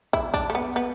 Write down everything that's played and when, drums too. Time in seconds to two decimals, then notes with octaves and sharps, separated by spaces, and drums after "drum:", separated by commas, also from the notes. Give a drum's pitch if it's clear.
0.13 E4, drum: kick
0.34 D4, drum: kick
0.50 A3
0.55 B3
0.76 B3